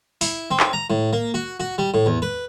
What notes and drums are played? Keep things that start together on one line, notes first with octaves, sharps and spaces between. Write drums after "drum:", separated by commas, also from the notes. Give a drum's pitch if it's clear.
E4, drum: open hi-hat
C4
drum: clap
A#5
A2
A#3
F#4
F#4
G3
A2
E2
B4